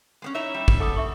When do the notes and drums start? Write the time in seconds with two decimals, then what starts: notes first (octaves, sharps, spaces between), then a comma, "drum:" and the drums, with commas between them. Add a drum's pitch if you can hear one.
0.22 G#3 B3 C#4
0.35 D#4 E4 C#5 E5
0.54 G3
0.68 drum: kick
0.80 A4 F#5 D6 D#6
0.96 E5 C#6